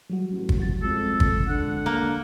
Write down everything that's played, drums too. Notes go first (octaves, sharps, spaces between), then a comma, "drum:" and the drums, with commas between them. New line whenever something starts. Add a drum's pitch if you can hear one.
F#3 G3 F#4
A1
drum: kick
F#4 A6
F2 G#3 A4
drum: kick
D3 G#3 F#5
A#3